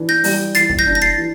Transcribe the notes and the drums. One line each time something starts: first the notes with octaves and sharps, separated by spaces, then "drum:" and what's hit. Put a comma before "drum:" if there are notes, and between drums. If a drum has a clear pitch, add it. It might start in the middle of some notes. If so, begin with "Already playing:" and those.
Already playing: E3 D4
G6 A#6
G3, drum: open hi-hat
E3 A6 C7, drum: hi-hat
drum: kick
G6 A#6
D4
A#6
A6 C7
E3